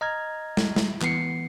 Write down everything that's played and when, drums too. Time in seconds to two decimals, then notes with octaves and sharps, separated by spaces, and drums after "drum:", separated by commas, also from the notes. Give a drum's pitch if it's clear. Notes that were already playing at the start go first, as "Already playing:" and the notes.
0.01 D#5 A#5 F6 G#6
0.57 drum: snare
0.76 drum: snare
1.01 E3 B3 C7 C#7, drum: clap